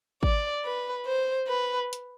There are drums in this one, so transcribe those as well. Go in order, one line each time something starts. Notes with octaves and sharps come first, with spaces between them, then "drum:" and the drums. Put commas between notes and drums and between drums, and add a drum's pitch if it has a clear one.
D5, drum: kick G#1
B4
C5
B4
drum: hi-hat